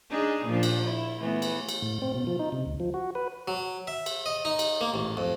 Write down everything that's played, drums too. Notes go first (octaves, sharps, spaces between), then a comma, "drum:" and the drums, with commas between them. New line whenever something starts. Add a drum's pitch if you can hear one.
D4 D#4 G#4
A#2 F3 D4
drum: cymbal
E4
E3 A3 B3
drum: cymbal
drum: cymbal
A2
C4
B2
F3
D#4
C3
D2
F3
F#4
B4
F#3
E5
drum: cymbal
D#5
D#4
drum: cymbal
A#3
A1
F2